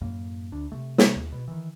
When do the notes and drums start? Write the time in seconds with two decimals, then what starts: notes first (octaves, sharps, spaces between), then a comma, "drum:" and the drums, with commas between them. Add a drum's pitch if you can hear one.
0.01 F#2 A2 A#3
0.52 D2 D4
0.72 C3 A3
0.98 drum: snare
1.16 D#2
1.32 B2
1.48 D#3 E3